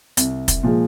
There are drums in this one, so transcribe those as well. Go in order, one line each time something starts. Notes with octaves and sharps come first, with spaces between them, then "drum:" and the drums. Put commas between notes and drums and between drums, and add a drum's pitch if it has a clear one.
C2, drum: hi-hat
drum: kick, hi-hat
A#2 F3 G#3